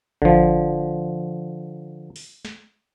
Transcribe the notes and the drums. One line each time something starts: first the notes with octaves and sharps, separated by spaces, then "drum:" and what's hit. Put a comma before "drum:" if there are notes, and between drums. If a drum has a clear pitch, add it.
D3 F3, drum: kick A1
drum: open hi-hat
drum: snare